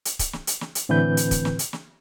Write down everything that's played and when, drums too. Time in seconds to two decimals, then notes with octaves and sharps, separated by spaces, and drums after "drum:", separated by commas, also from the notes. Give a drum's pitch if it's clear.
0.05 drum: hi-hat
0.19 drum: kick C#1, hi-hat
0.33 drum: snare
0.47 drum: hi-hat
0.61 drum: snare
0.75 drum: hi-hat
0.89 A2 D3 E3 C4 B4 G6
1.17 drum: hi-hat
1.31 drum: kick C#1, hi-hat
1.45 drum: snare
1.59 drum: hi-hat
1.73 drum: snare